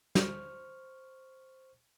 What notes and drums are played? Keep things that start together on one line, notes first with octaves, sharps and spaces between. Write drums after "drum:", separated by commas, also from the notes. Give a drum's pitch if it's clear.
C5 C#6 F6, drum: snare